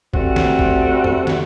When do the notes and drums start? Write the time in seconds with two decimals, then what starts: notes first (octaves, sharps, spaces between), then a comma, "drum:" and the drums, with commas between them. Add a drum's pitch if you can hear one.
0.14 G3 A3 C4 F#4, drum: kick
0.36 drum: snare
0.59 drum: kick
1.04 drum: tom
1.27 drum: snare